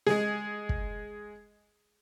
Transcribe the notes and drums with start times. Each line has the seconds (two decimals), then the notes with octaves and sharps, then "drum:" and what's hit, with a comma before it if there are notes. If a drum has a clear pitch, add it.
0.07 G#3 G#4, drum: snare
0.69 drum: kick